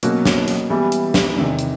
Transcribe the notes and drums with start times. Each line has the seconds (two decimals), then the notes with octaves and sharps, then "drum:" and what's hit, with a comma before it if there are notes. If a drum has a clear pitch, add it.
0.03 B2 F#3 A#3 C#4 F#4, drum: hi-hat
0.25 drum: snare
0.48 drum: hi-hat
0.70 E3 G3 B3 E4
0.92 drum: hi-hat
1.14 drum: snare
1.36 E2 C3 D#3
1.59 drum: hi-hat